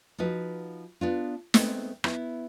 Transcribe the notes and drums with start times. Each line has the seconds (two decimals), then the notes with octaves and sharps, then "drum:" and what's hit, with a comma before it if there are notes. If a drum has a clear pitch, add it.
0.18 F3 D#4 F#4 B4
1.01 B3 D4 F4
1.54 G#3 A3 B3 C4, drum: snare
2.04 B3 E4, drum: rim click